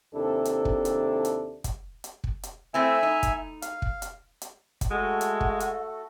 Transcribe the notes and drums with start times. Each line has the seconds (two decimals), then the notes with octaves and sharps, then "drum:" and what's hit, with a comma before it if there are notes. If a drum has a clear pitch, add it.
0.14 D#2 C3 D4 E4 A4
0.45 drum: hi-hat
0.65 drum: kick
0.85 drum: hi-hat
1.25 drum: hi-hat
1.64 drum: kick, hi-hat
2.04 drum: hi-hat
2.24 drum: kick
2.43 drum: hi-hat
2.74 A3 C4 E4 E5 G#5
3.03 D#4
3.23 drum: kick, hi-hat
3.62 F5, drum: hi-hat
3.82 drum: kick
4.02 drum: hi-hat
4.42 drum: hi-hat
4.81 drum: kick, hi-hat
4.91 G#3 A3 F#4 A4 F#5
5.21 drum: hi-hat
5.41 drum: kick
5.60 drum: hi-hat